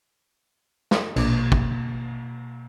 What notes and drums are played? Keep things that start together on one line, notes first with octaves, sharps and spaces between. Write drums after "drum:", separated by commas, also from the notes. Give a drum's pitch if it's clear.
drum: snare
A#1 B2 A#3 D6, drum: cymbal
drum: kick